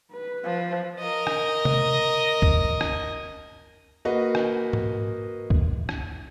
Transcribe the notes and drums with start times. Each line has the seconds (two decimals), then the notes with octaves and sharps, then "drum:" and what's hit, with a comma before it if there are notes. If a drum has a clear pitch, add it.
0.11 B4
0.44 F3
0.99 A#4 D#5
1.27 drum: rim click
1.65 drum: tom C3
2.42 drum: kick
2.81 drum: rim click
4.05 A#3 F#4 B4 D#5
4.35 drum: rim click
4.73 drum: tom G#2
5.50 drum: kick
5.89 drum: rim click